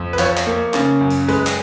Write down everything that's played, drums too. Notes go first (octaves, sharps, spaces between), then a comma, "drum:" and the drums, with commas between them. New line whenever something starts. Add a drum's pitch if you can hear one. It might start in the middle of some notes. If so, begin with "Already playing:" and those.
Already playing: F2
B4
F3 C#5, drum: clap
drum: clap
A#3
C#3, drum: clap
F#2
drum: hi-hat
G#3 B4, drum: hi-hat
drum: clap